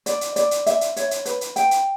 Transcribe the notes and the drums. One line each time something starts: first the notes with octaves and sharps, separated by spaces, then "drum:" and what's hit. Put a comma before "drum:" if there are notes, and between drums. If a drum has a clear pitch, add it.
D5, drum: hi-hat
drum: hi-hat
D5, drum: hi-hat
drum: hi-hat
E5, drum: hi-hat
drum: hi-hat
C#5, drum: hi-hat
drum: hi-hat
B4, drum: hi-hat
drum: hi-hat
G5, drum: hi-hat
drum: hi-hat